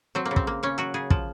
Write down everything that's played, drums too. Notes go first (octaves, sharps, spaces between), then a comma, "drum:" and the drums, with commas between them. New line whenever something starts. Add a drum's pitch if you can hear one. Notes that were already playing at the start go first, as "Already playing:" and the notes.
F#3 C4
A#3
C#3
C4, drum: kick
A#3
C#3 C#4
F#3 F#4
C#3 G#4
F3, drum: kick